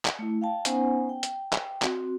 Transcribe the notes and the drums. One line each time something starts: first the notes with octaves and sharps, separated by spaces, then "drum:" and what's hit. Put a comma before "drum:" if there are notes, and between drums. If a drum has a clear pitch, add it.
drum: clap
A3 E4
F5 G5 A5
B3 C#4 D#4 C5 F#5 G#5, drum: hi-hat
G5
drum: hi-hat
drum: clap
C4 F#4, drum: clap